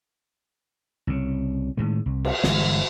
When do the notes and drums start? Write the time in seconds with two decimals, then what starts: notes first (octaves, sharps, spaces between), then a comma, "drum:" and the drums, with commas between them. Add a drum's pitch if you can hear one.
1.07 C2 C#3
1.77 A2 D#3 G#3
2.06 C2
2.25 drum: cymbal
2.43 G1 E3 G#3, drum: snare